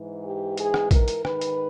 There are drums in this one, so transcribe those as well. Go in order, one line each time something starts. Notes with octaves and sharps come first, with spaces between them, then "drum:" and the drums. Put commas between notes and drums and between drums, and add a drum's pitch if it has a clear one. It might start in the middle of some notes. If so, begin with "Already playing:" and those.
Already playing: G#2 E3
G4
G#4, drum: hi-hat
drum: rim click
A#4, drum: kick A#1, hi-hat
drum: hi-hat
G#2 D#3 B4, drum: rim click
drum: hi-hat